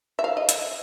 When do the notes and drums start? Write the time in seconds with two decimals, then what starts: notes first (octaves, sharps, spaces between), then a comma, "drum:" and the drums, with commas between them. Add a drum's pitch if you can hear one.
0.19 E5
0.24 F5
0.37 D#5
0.49 E5, drum: hi-hat